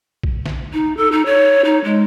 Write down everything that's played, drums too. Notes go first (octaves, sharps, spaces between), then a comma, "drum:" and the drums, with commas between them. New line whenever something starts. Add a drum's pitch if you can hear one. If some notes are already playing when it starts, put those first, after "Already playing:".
drum: kick A#1
drum: snare
D#4
A4
D#4
C#5
D#4
G#3